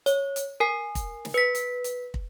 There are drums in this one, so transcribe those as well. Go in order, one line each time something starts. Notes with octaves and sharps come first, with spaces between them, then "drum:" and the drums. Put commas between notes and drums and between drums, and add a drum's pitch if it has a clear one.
C#5, drum: hi-hat
drum: hi-hat
A#4 G#5 C7
drum: kick, hi-hat
drum: snare
B4 B6
drum: hi-hat
drum: hi-hat
drum: kick